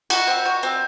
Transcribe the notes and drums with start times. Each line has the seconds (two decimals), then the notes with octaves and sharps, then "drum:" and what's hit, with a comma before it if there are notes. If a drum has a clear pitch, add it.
0.10 F#4 F#5, drum: cymbal
0.27 C4
0.45 F#4
0.63 C4